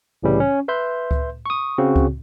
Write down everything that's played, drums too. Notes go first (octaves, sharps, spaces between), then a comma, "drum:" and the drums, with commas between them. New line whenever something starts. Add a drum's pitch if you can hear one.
C2 A2 C#3 E3 G3
C#4
B4 E5 C6 G6
drum: kick C#2
C#6 D#6
C#3 C4 F#4
drum: kick C#2